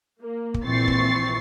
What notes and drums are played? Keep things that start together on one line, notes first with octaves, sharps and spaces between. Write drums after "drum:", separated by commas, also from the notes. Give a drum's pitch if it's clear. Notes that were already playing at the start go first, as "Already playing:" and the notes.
A#3
drum: kick
A#1 E3 C4 C#6 A6 C7
drum: kick